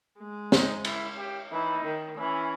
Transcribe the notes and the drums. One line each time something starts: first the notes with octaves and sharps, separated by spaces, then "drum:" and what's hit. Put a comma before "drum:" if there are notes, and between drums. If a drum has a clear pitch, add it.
G#3
D#4, drum: snare
E4, drum: cymbal
G4
E3 D#4
D#3
E3 C#4